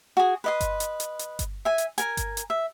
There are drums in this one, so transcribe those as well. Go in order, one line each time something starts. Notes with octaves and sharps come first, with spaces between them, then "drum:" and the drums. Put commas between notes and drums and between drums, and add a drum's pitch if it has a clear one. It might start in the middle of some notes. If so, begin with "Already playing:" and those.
F#4 G#4
B4 D#5 C6
drum: kick G1, hi-hat
drum: hi-hat
drum: hi-hat
drum: hi-hat
drum: kick G1, hi-hat
E5 G#5
drum: hi-hat
A#4 G#5, drum: hi-hat
drum: kick G1, hi-hat
drum: hi-hat
E5